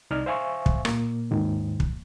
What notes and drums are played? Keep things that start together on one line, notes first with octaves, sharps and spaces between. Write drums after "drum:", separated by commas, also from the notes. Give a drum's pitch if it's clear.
C2 D#4 D5 F6
C5 E5 F5 G#5 C6 C#6
drum: kick
A#2 A#3, drum: rim click
D#2 G#2 D#3
drum: kick